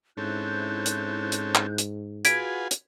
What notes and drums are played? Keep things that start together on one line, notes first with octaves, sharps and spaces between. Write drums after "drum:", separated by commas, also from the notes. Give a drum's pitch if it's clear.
G#2 C4 C#4 E4 A4 F#6 G6
drum: hi-hat
drum: hi-hat
drum: clap
drum: hi-hat
F4 F#4 G#4 B4 F#5 G#6 B6 D7, drum: hi-hat
drum: hi-hat